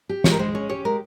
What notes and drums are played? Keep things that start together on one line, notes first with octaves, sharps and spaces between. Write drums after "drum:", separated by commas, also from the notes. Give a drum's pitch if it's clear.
G4
G#3 C#5, drum: snare
A#4
G#3 C5
C#4 C#5
G4 C#5
G#3 A#4